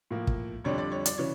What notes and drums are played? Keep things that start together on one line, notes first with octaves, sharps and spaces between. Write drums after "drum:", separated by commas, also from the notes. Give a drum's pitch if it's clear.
A2 F3 A#3
drum: kick
F2 D3 G3 D4 C#5
D5
C#5
D5, drum: hi-hat
C#3 E3 C#5